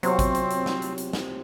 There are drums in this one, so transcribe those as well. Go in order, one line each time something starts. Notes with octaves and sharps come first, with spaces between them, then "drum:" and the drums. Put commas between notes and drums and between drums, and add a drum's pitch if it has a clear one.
C3 F#3 B3 C4 F4 C#5, drum: hi-hat
drum: kick G#1, hi-hat
drum: hi-hat
drum: hi-hat
drum: snare
drum: hi-hat
drum: hi-hat
drum: snare